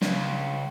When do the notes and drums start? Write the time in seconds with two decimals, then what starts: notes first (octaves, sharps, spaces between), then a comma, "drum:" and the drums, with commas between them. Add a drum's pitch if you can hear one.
0.02 C#2, drum: snare